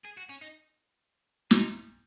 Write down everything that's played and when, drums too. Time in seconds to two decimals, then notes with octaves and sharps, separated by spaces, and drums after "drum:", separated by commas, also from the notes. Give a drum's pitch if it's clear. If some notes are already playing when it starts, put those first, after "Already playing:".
0.05 G#4
0.17 F#4
0.29 C#4
0.42 D#4
1.51 D#4, drum: snare